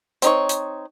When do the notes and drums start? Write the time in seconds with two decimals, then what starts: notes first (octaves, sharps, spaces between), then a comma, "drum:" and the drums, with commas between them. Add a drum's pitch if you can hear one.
0.22 C4 D#4 C#5, drum: hi-hat
0.49 drum: hi-hat